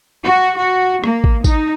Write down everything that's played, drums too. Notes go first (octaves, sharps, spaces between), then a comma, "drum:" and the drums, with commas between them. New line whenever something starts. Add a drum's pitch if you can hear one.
F#4
F#4
A#3, drum: rim click
drum: kick
D#4, drum: kick, tambourine